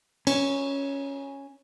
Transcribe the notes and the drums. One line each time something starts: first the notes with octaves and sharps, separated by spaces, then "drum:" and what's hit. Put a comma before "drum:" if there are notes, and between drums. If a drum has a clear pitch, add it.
C#4, drum: cymbal